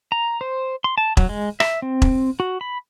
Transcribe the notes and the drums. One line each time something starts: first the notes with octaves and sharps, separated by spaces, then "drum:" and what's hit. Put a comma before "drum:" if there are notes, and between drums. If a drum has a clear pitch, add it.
A#5
C5
C6
A5
F#3, drum: kick E1
G#3
E5, drum: rim click
C4
drum: kick E1
F#4
B5